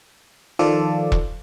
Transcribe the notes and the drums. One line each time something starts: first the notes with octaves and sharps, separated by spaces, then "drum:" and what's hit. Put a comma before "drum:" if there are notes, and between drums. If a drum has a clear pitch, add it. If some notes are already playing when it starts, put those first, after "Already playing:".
D#3 F3 F4 A4 D5
drum: kick E1